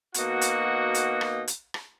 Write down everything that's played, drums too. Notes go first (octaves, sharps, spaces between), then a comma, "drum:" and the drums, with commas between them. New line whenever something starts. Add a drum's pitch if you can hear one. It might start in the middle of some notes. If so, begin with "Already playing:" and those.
B2 A#3 D#4 F#4, drum: hi-hat
drum: hi-hat
drum: hi-hat
drum: rim click
drum: hi-hat
drum: rim click